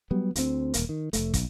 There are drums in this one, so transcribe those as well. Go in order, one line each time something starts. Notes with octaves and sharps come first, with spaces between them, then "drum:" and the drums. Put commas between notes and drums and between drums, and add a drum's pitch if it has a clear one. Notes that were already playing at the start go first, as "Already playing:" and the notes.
F#3 G3 B3
D2 C4, drum: hi-hat
D#1 G#1 A#3, drum: hi-hat
D#3
F1 C2 A3, drum: hi-hat
B1, drum: kick, hi-hat